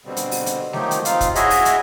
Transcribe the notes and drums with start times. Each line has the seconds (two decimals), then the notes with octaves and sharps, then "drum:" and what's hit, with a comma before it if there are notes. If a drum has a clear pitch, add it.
0.05 B2 D3 G3 C4
0.17 drum: hi-hat
0.31 drum: open hi-hat
0.46 drum: hi-hat
0.73 D#3 F3 F#3 A3 D#4 G4, drum: snare G#3
0.91 drum: hi-hat
1.05 C4 D#4 F4 F5, drum: hi-hat
1.21 drum: kick, hi-hat
1.35 E4 F#4 G#4 C#5 D#5 E5, drum: hi-hat
1.50 drum: open hi-hat
1.65 drum: hi-hat